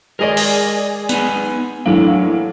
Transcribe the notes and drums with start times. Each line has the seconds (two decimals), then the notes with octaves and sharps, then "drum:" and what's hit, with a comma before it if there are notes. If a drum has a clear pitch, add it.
0.19 G#3 G#4 A#4 D5 D#5
0.37 drum: open hi-hat
1.09 B3 D#4 G#5, drum: hi-hat
1.86 A2 E3 F#3 A#3 D4